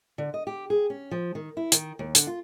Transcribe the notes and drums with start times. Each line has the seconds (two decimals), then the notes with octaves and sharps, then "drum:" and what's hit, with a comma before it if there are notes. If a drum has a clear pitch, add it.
0.18 D3
0.34 D#5
0.47 G4
0.70 G#4
0.90 C#4
1.11 F3
1.35 D#3
1.57 E4
1.72 D#3, drum: hi-hat
1.99 D#2
2.15 D3, drum: hi-hat
2.27 F4